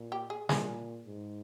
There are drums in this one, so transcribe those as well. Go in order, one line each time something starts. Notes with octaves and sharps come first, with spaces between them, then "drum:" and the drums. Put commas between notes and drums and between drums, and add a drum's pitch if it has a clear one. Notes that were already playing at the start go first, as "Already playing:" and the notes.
Already playing: A#2
G4
G#4
A#2 G#4, drum: snare
G#2